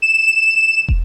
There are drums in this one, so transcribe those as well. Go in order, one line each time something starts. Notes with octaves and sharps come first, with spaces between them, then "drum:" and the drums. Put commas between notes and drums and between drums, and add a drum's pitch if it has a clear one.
E7
drum: kick